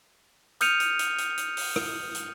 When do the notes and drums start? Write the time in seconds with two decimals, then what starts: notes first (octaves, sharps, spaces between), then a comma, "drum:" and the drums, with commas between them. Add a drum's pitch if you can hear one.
0.61 D#6 F6 G6 C#7 D#7 F7, drum: hi-hat
0.80 drum: hi-hat
0.99 drum: hi-hat
1.18 drum: hi-hat
1.38 drum: hi-hat
1.57 drum: open hi-hat
1.76 drum: rim click
2.15 drum: hi-hat